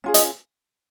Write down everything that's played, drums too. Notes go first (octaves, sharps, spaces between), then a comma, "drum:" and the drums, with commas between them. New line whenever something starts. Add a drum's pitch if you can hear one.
C#4 F4 G#4
D#5, drum: hi-hat